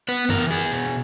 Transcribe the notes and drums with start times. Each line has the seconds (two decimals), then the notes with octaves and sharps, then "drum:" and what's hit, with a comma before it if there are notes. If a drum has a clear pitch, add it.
0.08 B3 B4
0.29 E3 A#4, drum: tom F#2
0.51 B3 G#4
0.71 B2